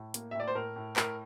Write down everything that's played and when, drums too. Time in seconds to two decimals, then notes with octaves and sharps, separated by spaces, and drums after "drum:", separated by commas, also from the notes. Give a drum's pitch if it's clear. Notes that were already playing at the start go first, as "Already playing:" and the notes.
Already playing: A2
0.14 A#3, drum: hi-hat
0.31 E5
0.35 A2 D5
0.48 C5
0.55 A2 A#4
0.76 A2
0.96 A2 A#4, drum: clap